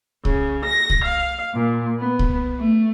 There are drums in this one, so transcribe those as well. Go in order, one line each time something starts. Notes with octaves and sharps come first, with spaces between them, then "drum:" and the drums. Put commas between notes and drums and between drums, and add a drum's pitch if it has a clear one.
C#3, drum: kick C2
A#6
drum: kick C2
F5
A#2
B3
drum: kick C2
A3